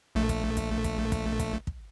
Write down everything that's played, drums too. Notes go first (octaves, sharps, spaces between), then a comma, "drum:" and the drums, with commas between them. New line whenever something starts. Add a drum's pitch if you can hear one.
A#1 A3
drum: kick, hi-hat
drum: kick, hi-hat
drum: kick, hi-hat
drum: kick, hi-hat
drum: kick, hi-hat
drum: kick